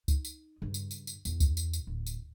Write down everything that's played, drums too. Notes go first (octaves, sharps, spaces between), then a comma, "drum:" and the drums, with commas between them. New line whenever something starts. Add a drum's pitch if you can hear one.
D#4, drum: kick C#2, tambourine
drum: tambourine
G2 C#3
drum: tambourine
drum: tambourine
drum: tambourine
E2, drum: tambourine
drum: kick C#2, tambourine
drum: tambourine
drum: tambourine
D1
drum: tambourine